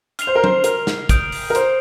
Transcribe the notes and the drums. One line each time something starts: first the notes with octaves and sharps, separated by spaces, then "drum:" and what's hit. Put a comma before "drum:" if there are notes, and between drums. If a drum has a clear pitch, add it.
F6 C7 F7, drum: hi-hat
C5
A#4
C5, drum: tom
A#4, drum: hi-hat
drum: snare
D#6 G6 D7, drum: kick, hi-hat
drum: open hi-hat
A#4
C5, drum: hi-hat